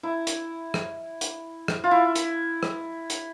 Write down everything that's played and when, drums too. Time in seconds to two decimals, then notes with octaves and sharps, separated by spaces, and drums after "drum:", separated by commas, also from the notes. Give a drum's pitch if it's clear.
0.03 E4
0.27 drum: hi-hat
0.74 drum: rim click
1.21 drum: hi-hat
1.68 drum: rim click
1.84 F4
1.91 E4
2.15 drum: hi-hat
2.63 drum: rim click
3.10 drum: hi-hat